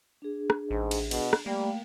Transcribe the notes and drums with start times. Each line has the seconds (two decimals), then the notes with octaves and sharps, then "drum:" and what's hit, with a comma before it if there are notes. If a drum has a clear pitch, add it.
0.22 D4 G#4
0.50 drum: rim click
0.71 A1 G#2
0.91 drum: cymbal
1.11 B2, drum: cymbal
1.33 drum: rim click
1.46 G3 A3 A#3 G5